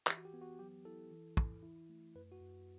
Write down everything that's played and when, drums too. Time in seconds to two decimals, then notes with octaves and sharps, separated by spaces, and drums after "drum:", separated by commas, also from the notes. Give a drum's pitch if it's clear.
0.07 E3 G4, drum: clap
0.17 F#4
0.25 G4
0.33 B3
0.41 F#4
0.59 F#3 G4
0.85 E4 A4
1.11 E3
1.37 E3, drum: kick
1.63 E4
1.89 A3
2.15 F#2 B4
2.32 F#4
2.40 F#2